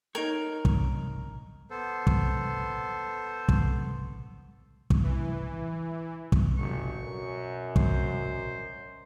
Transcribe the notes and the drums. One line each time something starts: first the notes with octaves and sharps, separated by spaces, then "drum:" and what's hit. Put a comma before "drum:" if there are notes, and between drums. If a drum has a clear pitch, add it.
D#4 A#4 C#5
drum: kick
B3 A4 C5
drum: kick
drum: kick
drum: kick
E3
drum: kick
G1 B2 C#6
F#2
C5, drum: kick